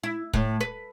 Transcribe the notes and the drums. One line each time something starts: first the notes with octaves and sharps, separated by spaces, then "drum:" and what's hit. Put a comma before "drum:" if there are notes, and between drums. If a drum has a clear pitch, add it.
E4
A2, drum: kick
B4